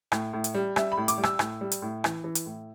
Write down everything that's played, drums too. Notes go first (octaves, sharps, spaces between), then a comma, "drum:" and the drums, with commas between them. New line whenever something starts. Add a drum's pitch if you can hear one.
A2, drum: rim click
A2
drum: hi-hat
G3
G3 E5, drum: rim click
B5
A2
D6, drum: hi-hat
G3
E6, drum: rim click
A2, drum: rim click
G3
drum: hi-hat
A2
E3, drum: rim click
E3
drum: hi-hat
A2